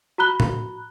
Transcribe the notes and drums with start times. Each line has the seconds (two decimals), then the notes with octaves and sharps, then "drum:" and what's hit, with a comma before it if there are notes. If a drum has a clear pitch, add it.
0.18 F#4 A#5 B5 F#6 G7
0.40 drum: tom A2